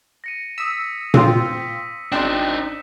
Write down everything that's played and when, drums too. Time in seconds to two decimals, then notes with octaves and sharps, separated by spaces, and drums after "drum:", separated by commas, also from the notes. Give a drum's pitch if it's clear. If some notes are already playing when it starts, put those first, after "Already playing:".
0.24 A#6 C#7 D#7
0.58 D#6 E6 B6
1.14 C4 F4 E6, drum: tom A#2
1.53 B6
2.12 G#1 C4 D4 D#4 E7